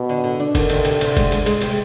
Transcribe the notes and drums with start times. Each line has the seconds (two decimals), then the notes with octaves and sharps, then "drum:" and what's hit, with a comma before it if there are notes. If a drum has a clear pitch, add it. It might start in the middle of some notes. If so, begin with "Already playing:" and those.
Already playing: B2
0.09 D3
0.24 D3
0.40 D4
0.55 D3 D#3, drum: kick, cymbal
0.70 C3, drum: cymbal
0.85 C3, drum: cymbal
1.01 C3, drum: cymbal
1.17 G#3, drum: kick, cymbal
1.32 G#3, drum: cymbal
1.46 G#3, drum: cymbal
1.61 C3, drum: cymbal